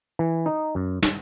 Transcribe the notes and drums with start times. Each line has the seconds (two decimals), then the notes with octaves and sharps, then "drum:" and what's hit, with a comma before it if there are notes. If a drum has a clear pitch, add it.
0.19 E3
0.46 D#4
0.75 F#2
1.02 drum: snare